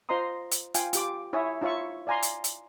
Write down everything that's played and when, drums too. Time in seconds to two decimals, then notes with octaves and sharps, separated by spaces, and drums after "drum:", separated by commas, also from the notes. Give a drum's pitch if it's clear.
0.09 F4 C5 D#5 A#5 C6 D#6
0.52 drum: hi-hat
0.74 F4 F5 G5 G#5, drum: hi-hat
0.93 F4 G4 D6, drum: hi-hat
1.33 E4 C#5 E5 G#5 D#6
1.61 D#4 F4 C#5 E5 C#6
2.07 D5 F5 G#5 A#5 C6
2.23 drum: hi-hat
2.44 drum: hi-hat